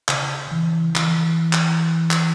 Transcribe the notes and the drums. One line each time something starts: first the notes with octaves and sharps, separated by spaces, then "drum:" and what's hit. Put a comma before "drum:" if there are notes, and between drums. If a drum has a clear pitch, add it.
C#3, drum: clap
E3
E3, drum: clap
drum: clap
drum: clap